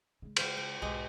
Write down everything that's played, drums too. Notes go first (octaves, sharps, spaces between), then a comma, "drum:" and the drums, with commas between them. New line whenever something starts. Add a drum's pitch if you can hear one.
C#3 G#3
C5 F5 G5, drum: cymbal
G5
B1 G#2 G#3 G4